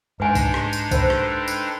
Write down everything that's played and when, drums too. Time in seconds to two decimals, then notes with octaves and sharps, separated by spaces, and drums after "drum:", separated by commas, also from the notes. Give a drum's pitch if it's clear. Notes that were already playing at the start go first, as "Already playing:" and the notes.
0.20 G#2 G#3 D4 D#4 B4 G#5
0.35 drum: kick B1, tambourine
0.54 drum: rim click
0.73 drum: tambourine
0.91 A4 B4 C5 G5, drum: kick B1, tambourine
1.10 drum: rim click
1.48 drum: tambourine